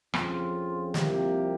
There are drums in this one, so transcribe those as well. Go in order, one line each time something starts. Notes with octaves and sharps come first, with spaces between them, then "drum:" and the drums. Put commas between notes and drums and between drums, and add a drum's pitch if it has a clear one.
F2 C#3 F3 C4 F4, drum: rim click
C2 C3 F3 A#3 G4, drum: snare